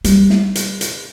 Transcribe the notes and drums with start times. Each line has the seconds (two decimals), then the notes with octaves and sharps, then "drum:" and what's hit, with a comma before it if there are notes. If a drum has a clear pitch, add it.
0.04 G3, drum: hi-hat
0.30 drum: snare
0.55 drum: hi-hat
0.81 drum: hi-hat